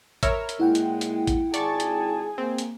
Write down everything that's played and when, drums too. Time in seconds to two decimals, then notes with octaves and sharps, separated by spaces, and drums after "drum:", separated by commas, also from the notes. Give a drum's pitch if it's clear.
0.23 A#4 C#5 E5 B5 E6 F6, drum: kick, hi-hat
0.49 drum: hi-hat
0.60 A#2 G#3 E4 F#5 G5
0.75 drum: hi-hat
1.01 drum: hi-hat
1.27 drum: kick, hi-hat
1.54 G#1 G#4 D5 A5 C#6 A6, drum: hi-hat
1.80 drum: hi-hat
2.38 A#3 C4
2.58 drum: hi-hat